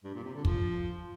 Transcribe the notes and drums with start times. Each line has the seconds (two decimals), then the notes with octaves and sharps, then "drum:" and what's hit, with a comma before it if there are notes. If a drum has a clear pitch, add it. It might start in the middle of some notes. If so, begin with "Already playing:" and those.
0.04 G2
0.14 A#2
0.24 C3
0.34 D3
0.45 F3, drum: kick